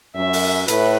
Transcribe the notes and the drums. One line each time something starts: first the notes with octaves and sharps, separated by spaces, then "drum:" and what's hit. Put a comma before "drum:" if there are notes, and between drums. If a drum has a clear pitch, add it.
F#2 E5
drum: open hi-hat
A2 B4, drum: hi-hat